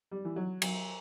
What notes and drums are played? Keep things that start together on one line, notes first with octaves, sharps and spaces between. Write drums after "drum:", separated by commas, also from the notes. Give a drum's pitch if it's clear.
G3
E3
F#3
F#3, drum: cymbal